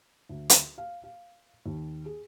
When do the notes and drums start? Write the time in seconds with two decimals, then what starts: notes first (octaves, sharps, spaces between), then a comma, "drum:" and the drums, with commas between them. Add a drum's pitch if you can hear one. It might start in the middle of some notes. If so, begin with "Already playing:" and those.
0.29 D2
0.50 drum: hi-hat
0.78 F5
1.04 F5
1.66 D#2
2.06 G#4